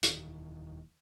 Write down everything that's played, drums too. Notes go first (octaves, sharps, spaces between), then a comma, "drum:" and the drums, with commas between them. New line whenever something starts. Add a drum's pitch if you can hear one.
D#1 D#3 E3, drum: hi-hat